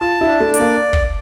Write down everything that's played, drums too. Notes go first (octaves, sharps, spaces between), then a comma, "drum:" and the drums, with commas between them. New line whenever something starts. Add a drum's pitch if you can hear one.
F4 A5
E4
D4
A3
D5, drum: hi-hat
A#3
drum: kick